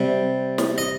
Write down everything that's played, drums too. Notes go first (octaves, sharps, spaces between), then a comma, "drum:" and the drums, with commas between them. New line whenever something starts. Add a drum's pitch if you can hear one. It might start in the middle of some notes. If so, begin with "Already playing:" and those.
Already playing: C3 G3
drum: snare
D#5